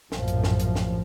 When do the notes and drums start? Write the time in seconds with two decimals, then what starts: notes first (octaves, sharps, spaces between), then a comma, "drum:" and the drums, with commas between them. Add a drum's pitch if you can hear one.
0.12 A#1 F#2 A2 F3, drum: snare
0.28 drum: hi-hat
0.44 drum: snare
0.60 drum: hi-hat
0.76 drum: snare